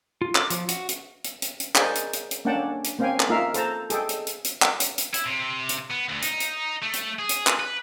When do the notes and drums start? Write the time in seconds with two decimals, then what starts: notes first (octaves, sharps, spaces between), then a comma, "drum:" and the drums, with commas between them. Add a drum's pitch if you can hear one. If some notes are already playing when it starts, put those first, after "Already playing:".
0.22 F4
0.35 D6, drum: clap
0.50 F3, drum: hi-hat
0.69 F#4, drum: hi-hat
0.89 drum: hi-hat
1.24 drum: hi-hat
1.42 drum: hi-hat
1.60 drum: hi-hat
1.75 G#4 A#4 C5 D5 D#5 G#5, drum: clap
1.95 drum: hi-hat
2.13 drum: hi-hat
2.31 drum: hi-hat
2.45 A#3 C#4 D4 F#5 G5 A5
2.84 drum: hi-hat
2.99 A#3 C4 C#4 F5 G5 G#5
3.20 drum: clap
3.29 A#3 D#4 F4 A#4 E5 F5
3.54 A4 C5 A5 A#5, drum: hi-hat
3.90 G#4 A4 D#5 G5, drum: hi-hat
4.09 drum: hi-hat
4.27 drum: hi-hat
4.44 drum: hi-hat
4.62 drum: clap
4.80 drum: hi-hat
4.98 drum: hi-hat
5.14 E4, drum: hi-hat
5.26 C3
5.69 drum: hi-hat
5.91 B3
6.09 D2
6.22 D#4, drum: hi-hat
6.40 drum: hi-hat
6.82 A3
6.93 drum: hi-hat
7.19 G#4
7.29 drum: hi-hat
7.47 drum: clap
7.59 B4